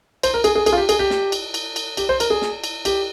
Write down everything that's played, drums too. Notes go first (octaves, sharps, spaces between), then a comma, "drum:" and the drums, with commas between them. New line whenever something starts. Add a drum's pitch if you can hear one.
C5, drum: cymbal
A#4
G#4, drum: cymbal
G#4
G#4, drum: cymbal
F4
G4
G#4, drum: cymbal
G4
drum: snare
drum: cymbal
drum: cymbal
drum: cymbal
G4, drum: cymbal
C5
A#4, drum: cymbal
G#4
drum: snare
drum: cymbal
G4, drum: cymbal